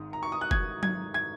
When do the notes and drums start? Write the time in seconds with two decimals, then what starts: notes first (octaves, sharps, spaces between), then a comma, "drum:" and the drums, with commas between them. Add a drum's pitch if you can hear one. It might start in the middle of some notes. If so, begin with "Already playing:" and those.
Already playing: G#1 G#2 D#3 D#6
0.13 A#5
0.23 C#6
0.32 D#6
0.41 F#6
0.51 G#6, drum: kick F1
0.83 G#6, drum: tom F#3
1.14 G#6